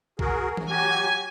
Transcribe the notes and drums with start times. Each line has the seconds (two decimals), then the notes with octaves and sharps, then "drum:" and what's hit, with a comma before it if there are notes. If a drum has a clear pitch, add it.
0.19 F#4 G#4 A#4, drum: kick
0.57 drum: tom E3
0.69 F#3 F#4 G4 G#5